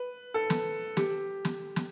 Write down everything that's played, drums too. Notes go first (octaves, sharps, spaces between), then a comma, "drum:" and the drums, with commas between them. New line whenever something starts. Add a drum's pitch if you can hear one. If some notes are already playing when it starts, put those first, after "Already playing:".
Already playing: B4
A4
drum: snare
G4, drum: snare
drum: snare
drum: snare